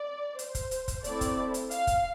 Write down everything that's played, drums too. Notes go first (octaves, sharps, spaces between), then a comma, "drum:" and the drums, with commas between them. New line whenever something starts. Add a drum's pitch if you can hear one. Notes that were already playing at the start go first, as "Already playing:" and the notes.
Already playing: D5
C5, drum: hi-hat
drum: kick, hi-hat
drum: hi-hat
drum: kick, hi-hat
A3 C4 E4 D5, drum: hi-hat
drum: kick, hi-hat
drum: hi-hat
F5, drum: hi-hat
drum: kick, hi-hat